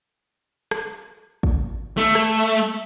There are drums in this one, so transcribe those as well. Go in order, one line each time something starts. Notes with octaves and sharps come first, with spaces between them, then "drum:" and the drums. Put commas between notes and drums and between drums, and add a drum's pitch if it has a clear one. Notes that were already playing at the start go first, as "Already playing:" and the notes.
drum: rim click
drum: kick
A3
drum: rim click